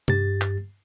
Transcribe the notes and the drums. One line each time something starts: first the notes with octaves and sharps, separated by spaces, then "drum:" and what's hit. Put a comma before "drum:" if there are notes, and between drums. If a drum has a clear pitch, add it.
G2 G4 A6, drum: tom
drum: clap